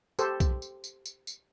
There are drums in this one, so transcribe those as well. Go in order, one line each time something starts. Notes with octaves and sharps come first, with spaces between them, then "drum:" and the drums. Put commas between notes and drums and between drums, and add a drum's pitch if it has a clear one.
G4 A4 C5, drum: tambourine
drum: kick B1, tambourine
drum: tambourine
drum: tambourine
drum: tambourine
drum: tambourine